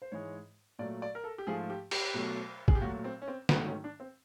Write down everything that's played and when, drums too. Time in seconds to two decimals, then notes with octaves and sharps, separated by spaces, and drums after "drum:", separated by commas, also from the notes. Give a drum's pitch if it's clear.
0.02 C5
0.12 G#2 E3 G#3 C#5
0.79 A#2 F#3 A3 D5
1.02 D5
1.15 A#4
1.24 A4
1.38 G4
1.47 G#2 F3 A3 G#4
1.70 G4
1.91 G4, drum: cymbal
2.14 B2 F#3 A3
2.68 G#4, drum: kick
2.75 G4
2.81 A#2 F#3 A3 F#4
3.04 C4
3.22 C#4
3.28 C4
3.49 G#2 D#3 F#3 A3 B3, drum: snare
3.67 C#4
3.84 D4
4.00 C4